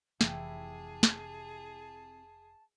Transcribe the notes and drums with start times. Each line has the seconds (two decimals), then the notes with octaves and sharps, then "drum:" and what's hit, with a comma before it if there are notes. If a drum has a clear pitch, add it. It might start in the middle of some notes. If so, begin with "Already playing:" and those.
0.21 F1 C2 C3 E3 E4 F4 G#4 A5, drum: snare
1.03 drum: snare